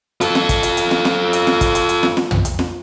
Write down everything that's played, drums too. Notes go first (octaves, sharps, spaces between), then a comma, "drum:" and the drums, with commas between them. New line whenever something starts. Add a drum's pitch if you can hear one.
F4 A4, drum: hi-hat
drum: snare
drum: kick, hi-hat
drum: hi-hat
drum: hi-hat
drum: snare
drum: snare
drum: hi-hat
drum: snare
drum: kick, hi-hat
drum: hi-hat
drum: hi-hat
drum: snare
drum: snare
drum: tom
drum: hi-hat
drum: snare